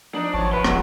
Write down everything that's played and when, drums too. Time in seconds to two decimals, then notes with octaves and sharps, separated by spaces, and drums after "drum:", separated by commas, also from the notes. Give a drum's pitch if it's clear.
0.14 F3 D4 D#4
0.34 G#1 F#2 C#5 A5
0.52 B4 E5 C6
0.65 E1 C#2 F#3, drum: rim click